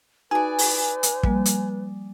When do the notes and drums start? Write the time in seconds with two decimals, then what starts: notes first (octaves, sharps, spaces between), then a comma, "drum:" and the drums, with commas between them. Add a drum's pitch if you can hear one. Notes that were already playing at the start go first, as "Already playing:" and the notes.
0.31 D#4 F#4 G#4 B4 D5 G#5 A5
0.58 drum: open hi-hat
1.03 drum: hi-hat
1.23 F3 G3 A#3, drum: kick
1.46 drum: hi-hat